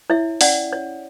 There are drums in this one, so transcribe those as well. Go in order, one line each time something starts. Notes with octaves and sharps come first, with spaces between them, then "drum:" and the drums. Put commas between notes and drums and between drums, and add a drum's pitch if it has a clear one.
E4 C#5 E5
C#4 D5 F#5, drum: open hi-hat
C#5